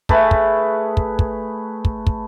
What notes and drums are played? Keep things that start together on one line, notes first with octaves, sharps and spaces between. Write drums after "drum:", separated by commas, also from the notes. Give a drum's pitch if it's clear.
A3 G#4 B4, drum: kick
drum: kick
drum: kick
drum: kick
drum: kick
drum: kick